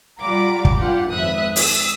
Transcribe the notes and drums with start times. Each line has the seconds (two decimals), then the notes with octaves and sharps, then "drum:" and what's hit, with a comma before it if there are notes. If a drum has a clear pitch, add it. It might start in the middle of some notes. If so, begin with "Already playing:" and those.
0.20 G3 F4 F#5 A#5 B5 D6
0.65 drum: kick
0.76 G2 F4 G4 F#5
1.09 G#1 F2 B4 E5 D#6 F#6
1.56 D#6 E6, drum: open hi-hat